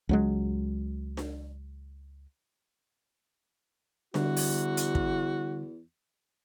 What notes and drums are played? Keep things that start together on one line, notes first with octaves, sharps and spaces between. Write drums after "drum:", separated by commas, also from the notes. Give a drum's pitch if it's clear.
C#2 F#3 G#3
drum: snare D4
E2 D3 G3 E4 F#4, drum: snare D4
drum: open hi-hat
drum: hi-hat
drum: kick